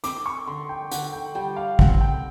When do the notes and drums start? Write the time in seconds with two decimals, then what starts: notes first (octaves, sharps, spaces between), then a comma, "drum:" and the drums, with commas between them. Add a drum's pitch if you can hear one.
0.04 C4 D6, drum: hi-hat
0.26 C#6
0.47 D3 C6
0.69 G5
0.91 D3 F#5, drum: hi-hat
1.13 G5
1.35 G3 G5
1.56 F5
1.79 C4 F#5, drum: kick
2.01 G5